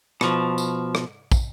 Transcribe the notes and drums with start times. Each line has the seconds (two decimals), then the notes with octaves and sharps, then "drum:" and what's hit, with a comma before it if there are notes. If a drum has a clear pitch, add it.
0.21 B2 F3, drum: rim click
0.58 drum: tambourine
0.95 drum: rim click
1.32 drum: kick, tambourine